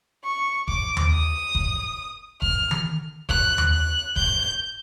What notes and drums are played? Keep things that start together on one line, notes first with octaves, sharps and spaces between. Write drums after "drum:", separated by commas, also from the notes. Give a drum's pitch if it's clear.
C#6
D6, drum: kick F1
drum: tom D#2
D#6
drum: kick F1
F6, drum: kick F1
drum: tom D#3
F#6, drum: kick F1
drum: tom D#2
F#6
G6, drum: kick F1